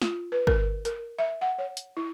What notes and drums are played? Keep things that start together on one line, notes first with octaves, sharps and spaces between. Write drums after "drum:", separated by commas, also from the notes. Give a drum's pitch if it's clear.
F4, drum: snare
B4
A#4, drum: kick
A#4, drum: hi-hat
E5
F#5
C#5
drum: hi-hat
E4